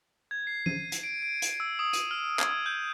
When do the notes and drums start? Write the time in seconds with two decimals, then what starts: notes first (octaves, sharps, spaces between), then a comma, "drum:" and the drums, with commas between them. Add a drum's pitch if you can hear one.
0.31 G#6
0.47 C7
0.66 D#7, drum: tom F3
0.92 drum: hi-hat
1.03 D7
1.22 D7
1.42 D7, drum: hi-hat
1.60 E6
1.79 D#6
1.93 D#7, drum: hi-hat
2.11 F6
2.39 G#6, drum: clap
2.66 G6